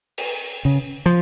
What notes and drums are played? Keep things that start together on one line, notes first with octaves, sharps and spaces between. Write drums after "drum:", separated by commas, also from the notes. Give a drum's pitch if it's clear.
drum: open hi-hat
C#3
F3